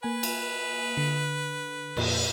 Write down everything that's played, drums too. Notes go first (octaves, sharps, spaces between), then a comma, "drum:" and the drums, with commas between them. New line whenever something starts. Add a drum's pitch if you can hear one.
A#3 B4 G#5
drum: cymbal
D3
F2 A#2, drum: cymbal